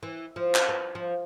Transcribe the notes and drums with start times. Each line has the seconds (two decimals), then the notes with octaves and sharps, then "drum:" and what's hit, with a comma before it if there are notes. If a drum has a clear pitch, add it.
0.03 E3
0.36 F3
0.55 drum: clap
0.69 B4
0.95 F3